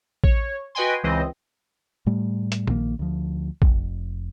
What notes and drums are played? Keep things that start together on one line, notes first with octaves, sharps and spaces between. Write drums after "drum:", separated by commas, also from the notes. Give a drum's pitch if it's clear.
C#5, drum: kick
F#4 B4 D#5 G5 G#5 C6
C#2 E3 C4 D#5
A2 G3 A3
drum: hi-hat
A#1 D#3 F3 A#3, drum: tom A#2
D2 F3
F1, drum: kick